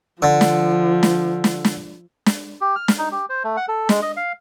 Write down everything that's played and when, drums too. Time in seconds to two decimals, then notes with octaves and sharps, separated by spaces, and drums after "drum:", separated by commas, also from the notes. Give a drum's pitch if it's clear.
0.22 D3 F3
0.41 drum: snare
1.03 drum: snare
1.44 drum: snare
1.65 drum: snare
2.26 drum: snare
2.61 G4
2.76 F6
2.88 drum: snare
2.98 D#4
3.12 G4
3.29 C5
3.44 A3
3.57 F#5
3.68 A4
3.89 G#3, drum: snare
4.02 D#5
4.17 F5